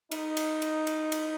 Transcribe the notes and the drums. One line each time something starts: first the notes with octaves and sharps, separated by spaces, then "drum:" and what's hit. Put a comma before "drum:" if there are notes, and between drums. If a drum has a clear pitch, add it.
D#4, drum: cymbal
drum: cymbal
drum: cymbal
drum: cymbal
drum: cymbal